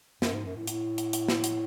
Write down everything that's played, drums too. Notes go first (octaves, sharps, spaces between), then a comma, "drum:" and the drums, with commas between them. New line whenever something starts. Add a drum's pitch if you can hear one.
F#2, drum: snare
G#2
F#2
A2
A2, drum: hi-hat
drum: hi-hat
drum: hi-hat
drum: snare
drum: hi-hat